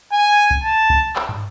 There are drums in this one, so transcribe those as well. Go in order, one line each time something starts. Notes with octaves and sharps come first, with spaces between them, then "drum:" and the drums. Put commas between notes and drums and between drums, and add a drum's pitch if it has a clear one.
G#5
drum: kick C2
A5
drum: kick C2
drum: clap
drum: tom